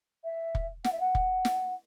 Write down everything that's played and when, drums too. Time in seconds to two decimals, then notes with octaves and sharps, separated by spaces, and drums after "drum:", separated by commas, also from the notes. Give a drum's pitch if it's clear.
0.24 E5
0.55 drum: kick
0.84 F#5, drum: snare
0.92 E5
1.00 F#5
1.15 drum: kick
1.45 drum: snare